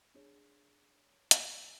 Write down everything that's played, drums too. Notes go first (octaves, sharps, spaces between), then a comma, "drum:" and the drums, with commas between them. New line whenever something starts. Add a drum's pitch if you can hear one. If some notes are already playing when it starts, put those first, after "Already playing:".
D4 G#4 C#5
drum: hi-hat